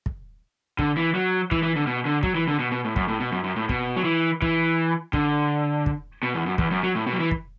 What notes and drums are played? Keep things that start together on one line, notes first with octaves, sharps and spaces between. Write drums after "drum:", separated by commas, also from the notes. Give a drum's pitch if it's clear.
drum: kick
D3, drum: kick
E3
F#3
E3, drum: kick
E3
D3
B2
D3
F#3, drum: kick
E3
D3
B2
B2
A2
F#2, drum: kick
A2
B2
F#2
F#2
A2
B2, drum: kick
F#3
E3
E3, drum: kick
D3, drum: kick
drum: kick
B2
E2
F#2
E2, drum: kick
F#2
F#3
A2
B2
F#3
E3
drum: kick